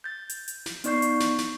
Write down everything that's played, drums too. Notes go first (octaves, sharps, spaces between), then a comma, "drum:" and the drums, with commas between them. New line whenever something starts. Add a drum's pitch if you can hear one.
G6 A6
drum: hi-hat
drum: hi-hat
drum: snare
B3 D#4 D5 C#6 G6 C7, drum: hi-hat
drum: hi-hat
drum: snare
drum: snare